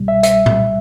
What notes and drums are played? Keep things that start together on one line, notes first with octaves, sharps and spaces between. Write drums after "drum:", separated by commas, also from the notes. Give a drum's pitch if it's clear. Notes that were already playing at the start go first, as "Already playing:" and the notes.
Already playing: C2 B2 G3
E5
E5, drum: hi-hat
drum: tom A#2